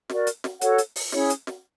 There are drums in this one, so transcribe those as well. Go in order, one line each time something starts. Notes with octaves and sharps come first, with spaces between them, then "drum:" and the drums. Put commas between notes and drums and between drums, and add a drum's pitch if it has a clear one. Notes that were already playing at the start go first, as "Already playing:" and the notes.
F#4 A#4 D5, drum: snare
drum: hi-hat
drum: snare
F#4 A4 C#5 F#5, drum: hi-hat
drum: hi-hat
drum: open hi-hat
C#4 E4 G#4 C#5, drum: snare
drum: hi-hat
drum: snare